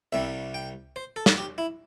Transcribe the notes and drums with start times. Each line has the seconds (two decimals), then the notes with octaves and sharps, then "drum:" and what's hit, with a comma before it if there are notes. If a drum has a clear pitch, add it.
0.12 C2 C3 G3 E5
0.54 G5
0.96 C5
1.16 A4
1.26 drum: snare
1.38 G4
1.58 E4